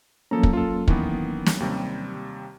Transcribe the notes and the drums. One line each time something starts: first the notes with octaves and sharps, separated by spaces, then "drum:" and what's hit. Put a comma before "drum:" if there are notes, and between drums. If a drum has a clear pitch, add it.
F3 F#3 A#3 C#4 A4 A#5
drum: kick
F4 A4
D#3 E3 B3, drum: kick
drum: snare
D#2 C3 G3